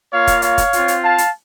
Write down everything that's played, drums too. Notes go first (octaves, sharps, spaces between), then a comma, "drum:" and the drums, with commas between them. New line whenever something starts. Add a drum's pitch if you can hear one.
A#3 F4 C#5 F5
drum: kick, hi-hat
C#5 F5, drum: hi-hat
drum: kick, hi-hat
C4 F4, drum: hi-hat
drum: hi-hat
F5 A5
drum: hi-hat